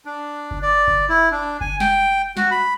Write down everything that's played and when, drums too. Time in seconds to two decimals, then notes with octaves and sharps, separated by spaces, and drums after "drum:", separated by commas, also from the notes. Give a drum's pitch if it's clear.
0.05 D4
0.51 drum: kick G1
0.62 D5
0.88 drum: kick G1
1.09 E4
1.32 D4
1.61 G#5, drum: kick G1
1.80 G5, drum: snare
2.37 F#4, drum: snare
2.51 B5